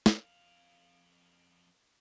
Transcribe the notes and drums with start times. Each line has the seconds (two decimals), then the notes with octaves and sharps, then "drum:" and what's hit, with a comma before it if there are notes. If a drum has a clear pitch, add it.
0.06 F2 F5, drum: snare